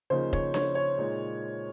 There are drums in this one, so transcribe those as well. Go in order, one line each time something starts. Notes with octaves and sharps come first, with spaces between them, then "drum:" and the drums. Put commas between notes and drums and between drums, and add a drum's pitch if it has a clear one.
C#3 F3 A#3 D#4 C5
C#5, drum: kick F1
C#5, drum: snare D4
C#5
A#2 G#3 D#4